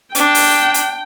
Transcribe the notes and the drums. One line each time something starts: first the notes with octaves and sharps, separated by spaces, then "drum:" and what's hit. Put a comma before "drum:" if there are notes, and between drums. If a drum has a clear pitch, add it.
D4 G5, drum: hi-hat
drum: open hi-hat
drum: hi-hat